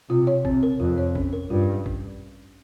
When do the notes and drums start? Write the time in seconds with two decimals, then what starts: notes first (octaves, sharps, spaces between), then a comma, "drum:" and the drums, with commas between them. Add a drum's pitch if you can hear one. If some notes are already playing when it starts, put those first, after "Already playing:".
0.10 C3 F4
0.27 C#5
0.45 C3 C4, drum: kick
0.63 A#4
0.80 F2 F4
0.98 C#5
1.15 C#4, drum: kick
1.33 A#4
1.50 G2 F4
1.86 drum: kick